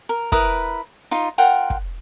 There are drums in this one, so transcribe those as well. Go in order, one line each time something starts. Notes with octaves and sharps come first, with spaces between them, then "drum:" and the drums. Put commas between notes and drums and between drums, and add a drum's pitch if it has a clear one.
A#4
E4 A#4 B4 D#6, drum: kick
D#4 F4
F4 A#4 F#5 G5
drum: kick